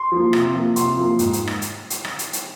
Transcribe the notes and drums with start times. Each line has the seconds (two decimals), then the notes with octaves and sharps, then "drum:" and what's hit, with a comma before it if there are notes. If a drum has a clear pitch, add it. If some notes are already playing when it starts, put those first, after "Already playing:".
Already playing: C6
0.12 F3 A#3
0.33 C3, drum: rim click
0.54 F3 A#3
0.76 C3 C6, drum: hi-hat
0.97 F3 A#3
1.19 G#2, drum: hi-hat
1.33 drum: hi-hat
1.47 drum: rim click
1.62 drum: hi-hat
1.90 drum: hi-hat
2.05 drum: rim click
2.19 drum: hi-hat
2.33 drum: hi-hat